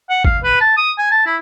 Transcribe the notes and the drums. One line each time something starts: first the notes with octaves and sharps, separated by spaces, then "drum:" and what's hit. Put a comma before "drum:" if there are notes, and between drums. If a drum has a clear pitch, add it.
F#5
F5, drum: kick
B4
A5
D#6
G#5
A5
E4